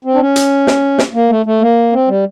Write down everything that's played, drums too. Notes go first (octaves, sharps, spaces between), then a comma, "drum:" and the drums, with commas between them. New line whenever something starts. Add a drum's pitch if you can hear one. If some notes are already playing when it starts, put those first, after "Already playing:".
C4
D4
C#4
drum: hi-hat
drum: snare
drum: snare
A#3
A3
A3
A#3
C4
G3